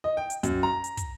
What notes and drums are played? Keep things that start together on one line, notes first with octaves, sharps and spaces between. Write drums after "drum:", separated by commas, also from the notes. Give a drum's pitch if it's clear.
D#5
G5
drum: hi-hat
F#2, drum: kick, hi-hat
A#5
drum: hi-hat
drum: kick, hi-hat